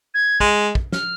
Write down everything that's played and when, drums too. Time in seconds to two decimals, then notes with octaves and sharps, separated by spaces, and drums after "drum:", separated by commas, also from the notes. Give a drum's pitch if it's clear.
0.14 G#6
0.40 G#3, drum: kick
0.75 drum: kick
0.92 F6, drum: snare